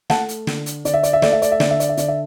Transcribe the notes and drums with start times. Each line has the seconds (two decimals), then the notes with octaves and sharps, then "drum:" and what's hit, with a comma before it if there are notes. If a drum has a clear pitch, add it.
0.10 A3 F#5 A5, drum: snare
0.29 drum: hi-hat
0.47 D3, drum: snare
0.66 drum: hi-hat
0.85 D3 D5, drum: hi-hat
0.94 E5
1.03 D5, drum: hi-hat
1.13 E5
1.22 A3 D5, drum: snare
1.32 E5
1.42 D5, drum: hi-hat
1.52 E5
1.60 D3 D5, drum: snare
1.71 E5
1.80 D5, drum: hi-hat
1.89 E5
1.97 D3 D5, drum: hi-hat
2.08 E5